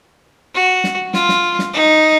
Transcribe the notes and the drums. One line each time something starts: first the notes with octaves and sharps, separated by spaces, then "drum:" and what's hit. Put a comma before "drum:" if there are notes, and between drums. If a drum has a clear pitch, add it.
F#4
drum: snare
F4, drum: snare
drum: snare
drum: snare
D#4